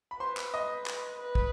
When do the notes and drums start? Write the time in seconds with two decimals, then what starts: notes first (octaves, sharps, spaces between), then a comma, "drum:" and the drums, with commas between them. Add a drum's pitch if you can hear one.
0.11 B5
0.20 B4 C5 C6
0.37 drum: clap
0.54 D#5 D#6
0.86 drum: clap
1.19 B4
1.35 drum: kick